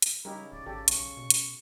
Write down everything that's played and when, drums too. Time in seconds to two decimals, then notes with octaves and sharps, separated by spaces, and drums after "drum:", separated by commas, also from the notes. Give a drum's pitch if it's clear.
0.02 drum: hi-hat
0.25 C#3 G3 D#4 E4 G4 A#4
0.52 D1 D5
0.66 G#1 G4 A4 D5
0.88 B1 C#6, drum: hi-hat
1.17 B2
1.30 drum: hi-hat